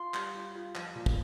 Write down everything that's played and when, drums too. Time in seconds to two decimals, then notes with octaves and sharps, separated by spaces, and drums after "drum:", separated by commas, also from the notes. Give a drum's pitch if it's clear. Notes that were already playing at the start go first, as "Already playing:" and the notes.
Already playing: F4 C6
0.14 G3, drum: clap
0.35 F4
0.56 F4
0.75 F3, drum: clap
0.96 A#2
1.06 drum: kick